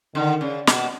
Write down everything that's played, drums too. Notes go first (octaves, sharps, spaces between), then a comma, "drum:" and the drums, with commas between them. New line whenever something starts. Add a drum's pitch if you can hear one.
D3 D#3
C#3
B2, drum: snare